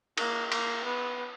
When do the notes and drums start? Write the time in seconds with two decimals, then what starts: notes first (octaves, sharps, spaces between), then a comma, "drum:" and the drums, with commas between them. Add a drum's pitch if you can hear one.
0.18 A#3, drum: cymbal
0.52 A#3, drum: cymbal
0.84 B3